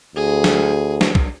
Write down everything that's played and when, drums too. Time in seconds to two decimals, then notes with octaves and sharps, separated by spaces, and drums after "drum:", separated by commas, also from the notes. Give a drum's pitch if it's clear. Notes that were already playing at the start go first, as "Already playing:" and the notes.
0.16 D2 G#4
0.44 drum: snare
1.01 drum: snare
1.15 drum: kick